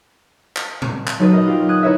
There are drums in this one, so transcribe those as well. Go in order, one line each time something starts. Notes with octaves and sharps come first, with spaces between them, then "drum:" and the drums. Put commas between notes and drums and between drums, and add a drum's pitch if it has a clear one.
drum: clap
drum: tom A2
drum: clap
F#3 D#4 A4 B4 A6 D#7
A#4 D#5
F4 G4
D#6 F#6 G#6 D#7
D#4 E4 B4 C#5 D#5 E5